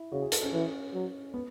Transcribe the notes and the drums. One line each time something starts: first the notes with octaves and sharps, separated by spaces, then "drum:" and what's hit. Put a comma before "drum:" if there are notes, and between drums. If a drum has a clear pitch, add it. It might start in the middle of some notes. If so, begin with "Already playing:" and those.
Already playing: E4
C#3 F#4
G#4
A4, drum: hi-hat
C#4
E3
F#3
B3